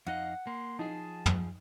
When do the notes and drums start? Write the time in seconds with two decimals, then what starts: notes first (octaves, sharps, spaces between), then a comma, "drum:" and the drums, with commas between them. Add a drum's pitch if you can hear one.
0.07 F2 D#4 D#5 F5 F#5
0.47 A#3 C6
0.79 F3 D#4 G#4 A5
1.26 drum: tom